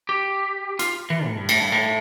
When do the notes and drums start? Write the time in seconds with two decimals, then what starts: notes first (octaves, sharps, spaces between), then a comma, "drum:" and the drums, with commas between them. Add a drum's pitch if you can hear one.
0.09 G4
0.79 F4, drum: hi-hat
1.10 E3
1.26 A2
1.37 G2
1.49 A2, drum: cymbal
1.60 G2
1.72 A2